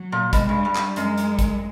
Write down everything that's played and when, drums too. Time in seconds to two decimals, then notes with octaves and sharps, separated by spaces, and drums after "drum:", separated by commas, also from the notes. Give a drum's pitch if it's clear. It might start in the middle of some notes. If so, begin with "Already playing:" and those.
Already playing: F#3
0.12 A#2
0.33 B2 G#3, drum: kick, hi-hat
0.49 G2
0.65 G2 G3
0.75 drum: clap
0.96 F#2 G#3, drum: hi-hat
1.18 drum: hi-hat
1.39 drum: kick, hi-hat